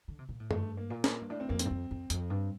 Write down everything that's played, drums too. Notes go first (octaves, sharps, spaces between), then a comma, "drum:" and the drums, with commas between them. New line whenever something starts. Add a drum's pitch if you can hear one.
D3
C3
A#2
A2
G2 A3, drum: tom F#2
A#3
A#2
A#3, drum: snare
G2
A2 D4
C4
F2 A#3
C4, drum: hi-hat
G2
F2
F2
F2, drum: hi-hat
G2